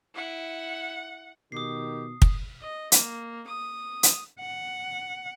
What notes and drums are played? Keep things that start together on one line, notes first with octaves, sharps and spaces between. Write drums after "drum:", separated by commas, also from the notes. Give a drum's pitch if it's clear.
E4 F#5
B2 D#3 G4 D#6 C7
drum: kick
D#5
A#3, drum: hi-hat
D#6
drum: hi-hat
F#5